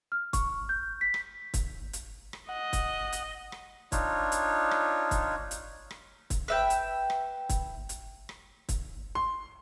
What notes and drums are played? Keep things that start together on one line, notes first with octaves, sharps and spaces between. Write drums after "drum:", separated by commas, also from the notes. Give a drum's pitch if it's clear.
F6
C#6, drum: kick, hi-hat
G6
B6
drum: rim click
drum: kick, hi-hat
drum: hi-hat
drum: rim click
D#5 F#5
drum: kick, hi-hat
drum: hi-hat
drum: rim click
D4 D#4 F4 C#5, drum: kick, hi-hat
drum: hi-hat
drum: rim click
drum: kick, hi-hat
drum: hi-hat
drum: rim click
drum: kick, hi-hat
B4 E5 G5
drum: hi-hat
drum: rim click
drum: kick, hi-hat
drum: hi-hat
drum: rim click
drum: kick, hi-hat
C6